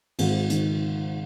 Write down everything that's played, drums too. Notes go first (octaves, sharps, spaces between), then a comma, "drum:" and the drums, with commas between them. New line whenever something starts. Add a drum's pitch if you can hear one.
G#1 G#2 D#3, drum: cymbal
D#3, drum: hi-hat